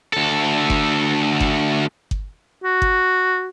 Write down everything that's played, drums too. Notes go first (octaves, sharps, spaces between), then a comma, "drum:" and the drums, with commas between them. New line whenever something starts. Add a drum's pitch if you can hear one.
D2 A4
drum: kick G1
drum: kick G1
drum: kick G1
F#4
drum: kick G1